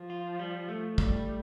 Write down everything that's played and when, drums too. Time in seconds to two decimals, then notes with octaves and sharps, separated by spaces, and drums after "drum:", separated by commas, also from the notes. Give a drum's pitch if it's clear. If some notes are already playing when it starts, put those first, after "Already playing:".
Already playing: F3
0.10 F4
0.39 G3
0.69 A3
0.98 G3, drum: kick